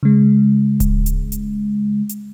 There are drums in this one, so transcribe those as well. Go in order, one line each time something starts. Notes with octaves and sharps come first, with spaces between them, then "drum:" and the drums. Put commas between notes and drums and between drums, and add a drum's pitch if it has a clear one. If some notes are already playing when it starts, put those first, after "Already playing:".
C#3 G#3
drum: kick D1, hi-hat
drum: hi-hat
drum: hi-hat
drum: hi-hat